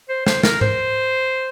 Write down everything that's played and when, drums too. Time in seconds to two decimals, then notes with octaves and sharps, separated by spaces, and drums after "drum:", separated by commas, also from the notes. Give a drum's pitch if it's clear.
0.09 C5
0.27 C5, drum: snare
0.43 A#4, drum: snare
0.61 C5, drum: tom G#2